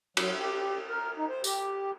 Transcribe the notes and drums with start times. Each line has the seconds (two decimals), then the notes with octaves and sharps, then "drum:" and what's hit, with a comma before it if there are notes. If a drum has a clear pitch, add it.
0.17 F#3, drum: cymbal
0.39 G4
0.88 A#4
1.17 D#4
1.29 C5
1.44 G4, drum: tambourine